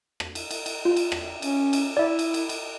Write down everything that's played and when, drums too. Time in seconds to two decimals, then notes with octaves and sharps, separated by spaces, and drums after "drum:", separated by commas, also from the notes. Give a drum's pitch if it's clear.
0.20 drum: rim click
0.35 drum: cymbal
0.51 drum: cymbal
0.66 drum: cymbal
0.85 F4
0.96 drum: cymbal
1.12 drum: rim click
1.42 C#4, drum: cymbal
1.73 drum: cymbal
1.97 E4 D5 E5
2.19 drum: cymbal
2.34 drum: cymbal
2.49 drum: cymbal